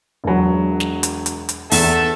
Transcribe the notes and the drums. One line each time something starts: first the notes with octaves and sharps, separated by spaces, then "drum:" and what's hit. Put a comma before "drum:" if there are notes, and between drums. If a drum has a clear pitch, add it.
E1 F#3
drum: snare
drum: hi-hat
drum: hi-hat
drum: hi-hat
E2 A4 E5 A5, drum: open hi-hat